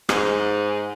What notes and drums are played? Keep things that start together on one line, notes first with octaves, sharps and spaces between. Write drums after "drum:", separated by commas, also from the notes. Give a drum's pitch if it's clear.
G#2, drum: rim click